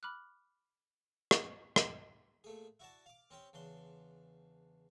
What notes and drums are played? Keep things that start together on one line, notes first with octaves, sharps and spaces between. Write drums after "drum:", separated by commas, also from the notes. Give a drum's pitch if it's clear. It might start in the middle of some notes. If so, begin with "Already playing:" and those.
B5 D6 F6 F#6
drum: rim click
drum: rim click
A#2 A3 G#4
E4 F#4 D5 A5
F5 D6
C4 C#4 G4
E2 C#3 D4 C6